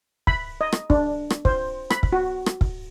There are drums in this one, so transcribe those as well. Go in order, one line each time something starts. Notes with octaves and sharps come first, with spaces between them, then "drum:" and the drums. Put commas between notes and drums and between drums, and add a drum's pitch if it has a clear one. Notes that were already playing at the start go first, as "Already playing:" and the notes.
B5, drum: kick
D#5
drum: rim click
D4, drum: kick
drum: rim click
C5, drum: kick
B5, drum: rim click
drum: kick
F#4
drum: rim click
drum: kick